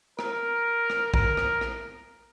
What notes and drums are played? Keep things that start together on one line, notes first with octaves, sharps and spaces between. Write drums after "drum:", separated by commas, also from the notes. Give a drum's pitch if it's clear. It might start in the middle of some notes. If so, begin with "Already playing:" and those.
A#4, drum: rim click
drum: rim click
A#4, drum: kick
drum: rim click
drum: rim click